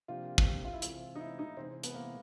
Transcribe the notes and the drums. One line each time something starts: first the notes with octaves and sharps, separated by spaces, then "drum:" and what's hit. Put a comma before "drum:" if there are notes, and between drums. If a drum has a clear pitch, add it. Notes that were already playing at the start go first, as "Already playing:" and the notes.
C3 F3 A#3 D4 F4 G4
drum: kick
F4
E4
C3 E3 G#3 F4, drum: hi-hat
D#4
E4
D#4
C3 E3 G#3 C4
B3, drum: hi-hat
A#3